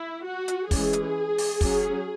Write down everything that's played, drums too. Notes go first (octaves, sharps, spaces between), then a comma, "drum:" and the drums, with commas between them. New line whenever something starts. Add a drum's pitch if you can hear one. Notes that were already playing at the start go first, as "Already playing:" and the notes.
Already playing: E4
F#4
drum: hi-hat
E3 G#3 C#4 G#4, drum: kick, open hi-hat
drum: hi-hat
drum: open hi-hat
F#3 C#4, drum: kick, open hi-hat